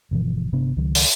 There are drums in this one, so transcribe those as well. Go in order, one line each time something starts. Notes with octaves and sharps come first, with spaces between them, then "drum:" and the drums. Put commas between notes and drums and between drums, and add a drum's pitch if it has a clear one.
G1 B2 E3 F3
G1 C3 B3 D4
C#2 D#3 F#3
drum: open hi-hat